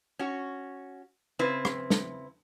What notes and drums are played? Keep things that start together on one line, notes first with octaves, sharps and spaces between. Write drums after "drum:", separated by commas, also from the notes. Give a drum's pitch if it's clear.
C#4 F#4
C#3 C4 E4 B4
drum: rim click
drum: snare